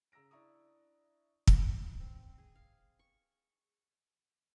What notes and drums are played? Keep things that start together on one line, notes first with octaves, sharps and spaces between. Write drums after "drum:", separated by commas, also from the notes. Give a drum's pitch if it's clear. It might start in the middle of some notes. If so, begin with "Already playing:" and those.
C#3 A#5 E6 A#6 D7
D4 E4 A#5 C#6 D#6
drum: kick
C4
G#4
F5
C#6